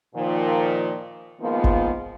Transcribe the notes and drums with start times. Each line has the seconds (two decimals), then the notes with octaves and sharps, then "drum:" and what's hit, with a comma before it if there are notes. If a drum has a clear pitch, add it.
0.15 A#2 D#3 F3
1.40 D#3 F3 G#3 A#3 B3 F4
1.64 drum: kick G#1